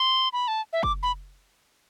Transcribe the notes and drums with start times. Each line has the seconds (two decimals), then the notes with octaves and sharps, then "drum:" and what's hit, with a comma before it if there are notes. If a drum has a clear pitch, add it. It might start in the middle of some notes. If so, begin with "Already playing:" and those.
Already playing: C6
0.33 B5
0.48 A5
0.73 E5
0.83 D6, drum: kick
1.03 B5